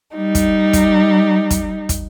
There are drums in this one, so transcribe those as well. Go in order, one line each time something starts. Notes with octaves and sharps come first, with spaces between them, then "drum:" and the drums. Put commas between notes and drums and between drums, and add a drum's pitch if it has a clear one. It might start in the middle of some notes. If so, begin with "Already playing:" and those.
G3 D#4
drum: kick, hi-hat
drum: kick, hi-hat
drum: kick, hi-hat
drum: kick, hi-hat